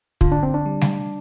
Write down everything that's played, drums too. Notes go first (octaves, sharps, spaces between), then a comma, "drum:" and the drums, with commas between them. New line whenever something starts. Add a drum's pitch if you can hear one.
D3 F4, drum: kick
D4
C4
D4
G3
drum: snare G3